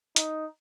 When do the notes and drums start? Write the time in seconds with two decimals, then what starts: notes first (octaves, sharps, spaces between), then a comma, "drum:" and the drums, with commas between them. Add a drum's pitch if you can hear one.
0.16 D#4, drum: hi-hat